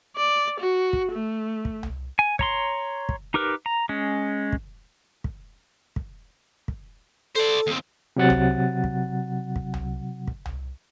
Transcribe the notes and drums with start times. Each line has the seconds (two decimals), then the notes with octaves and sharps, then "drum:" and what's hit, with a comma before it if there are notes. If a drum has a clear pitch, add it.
0.16 D5
0.60 F#4
0.93 drum: kick
1.12 A3
1.65 drum: kick
1.83 drum: tom C2
2.19 G#5
2.39 C#5 A#5 C6, drum: kick
3.09 drum: kick
3.34 D#4 G4 A#4 B4
3.66 A#5
3.89 G#3 C#4
4.52 drum: kick
5.24 drum: kick
5.96 drum: kick
6.68 drum: kick
7.35 A4 C5 D5
7.67 D#2 C4
8.16 C3 F#3 F#5 A6
8.30 drum: tom C2
8.84 drum: kick
9.56 drum: kick
9.74 drum: tom C2
10.28 drum: kick
10.45 drum: tom C2